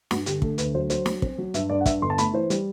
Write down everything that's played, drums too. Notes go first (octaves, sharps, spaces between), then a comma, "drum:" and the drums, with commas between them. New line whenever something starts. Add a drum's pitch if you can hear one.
G2 F#4, drum: snare
D3 G4, drum: hi-hat
A3 A4, drum: kick
D2 B4, drum: hi-hat
F#3 C5
F#3 C5, drum: hi-hat
F#3, drum: snare
C4, drum: kick
F#3
G2 E5, drum: hi-hat
G2 D5
F#5
G2 E5, drum: kick, hi-hat
G1 C6
A5
A3 B5, drum: hi-hat
E3 C5
G3, drum: hi-hat